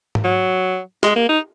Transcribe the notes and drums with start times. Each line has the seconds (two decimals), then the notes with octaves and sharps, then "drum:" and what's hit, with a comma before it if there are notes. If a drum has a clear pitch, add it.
0.15 drum: tom G#2
0.24 F#3
1.03 G#3, drum: snare
1.16 A#3
1.29 D#4